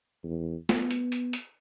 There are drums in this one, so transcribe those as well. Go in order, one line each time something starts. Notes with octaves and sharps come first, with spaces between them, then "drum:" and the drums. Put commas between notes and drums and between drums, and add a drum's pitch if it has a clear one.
E2
B3, drum: snare
drum: hi-hat
drum: hi-hat
drum: hi-hat